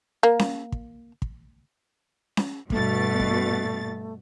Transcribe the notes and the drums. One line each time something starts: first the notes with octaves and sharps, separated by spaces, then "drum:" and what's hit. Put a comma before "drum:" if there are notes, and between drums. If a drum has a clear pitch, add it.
A#3
drum: snare C#4
drum: kick
drum: kick
drum: snare C#4
G2 B2 A3 A6, drum: kick
drum: kick